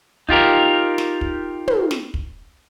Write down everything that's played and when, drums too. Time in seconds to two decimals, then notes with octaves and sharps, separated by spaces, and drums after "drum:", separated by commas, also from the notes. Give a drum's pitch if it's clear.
0.29 D#4 F4 G4 A#4, drum: kick
0.98 drum: snare
1.21 drum: kick
1.68 drum: tom
1.91 drum: snare
2.14 drum: kick